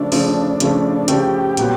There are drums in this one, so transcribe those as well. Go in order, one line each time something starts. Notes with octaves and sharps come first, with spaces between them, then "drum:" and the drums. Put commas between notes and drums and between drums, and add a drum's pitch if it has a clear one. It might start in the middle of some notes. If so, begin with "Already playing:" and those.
Already playing: C#3 F3 A3 D4
C#3 F3 A3, drum: open hi-hat
C#3 F3 A3, drum: hi-hat
C#3 F3 A3 G4, drum: hi-hat
A#2 F#3 B3, drum: hi-hat